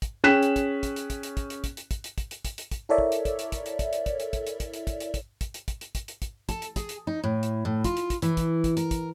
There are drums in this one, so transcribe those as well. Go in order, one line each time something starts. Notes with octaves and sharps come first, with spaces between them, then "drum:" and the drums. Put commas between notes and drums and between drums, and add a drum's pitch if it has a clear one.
drum: kick, hi-hat
C#4 G#4 G5 F#6 B6 E7
drum: hi-hat
drum: kick, hi-hat
drum: kick, hi-hat
drum: hi-hat
drum: kick, hi-hat
drum: hi-hat
drum: kick, hi-hat
drum: hi-hat
drum: kick, hi-hat
drum: hi-hat
drum: kick, hi-hat
drum: hi-hat
drum: kick, hi-hat
drum: hi-hat
drum: kick, hi-hat
drum: hi-hat
drum: kick, hi-hat
E4 A4 A#4 C#5 D5 E5
drum: kick
drum: hi-hat
drum: kick, hi-hat
drum: hi-hat
drum: kick, hi-hat
drum: hi-hat
drum: kick, hi-hat
drum: hi-hat
drum: kick, hi-hat
drum: hi-hat
drum: kick, hi-hat
drum: hi-hat
drum: kick, hi-hat
drum: hi-hat
drum: kick, hi-hat
drum: hi-hat
drum: kick, hi-hat
drum: kick, hi-hat
drum: hi-hat
drum: kick, hi-hat
drum: hi-hat
drum: kick, hi-hat
drum: hi-hat
drum: kick, hi-hat
A4, drum: kick, hi-hat
drum: hi-hat
G#4, drum: kick, hi-hat
drum: hi-hat
D#4
A2
drum: hi-hat
A2
F4, drum: kick, hi-hat
drum: hi-hat
drum: kick, hi-hat
E3, drum: hi-hat
drum: kick, hi-hat
drum: kick, hi-hat
A#4, drum: hi-hat
drum: kick, hi-hat